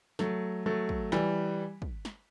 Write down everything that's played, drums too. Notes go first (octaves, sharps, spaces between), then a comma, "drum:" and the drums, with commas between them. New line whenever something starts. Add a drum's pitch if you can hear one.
F#3 A3, drum: snare
F#3 A3
drum: kick
E3 G3, drum: snare
drum: kick
drum: snare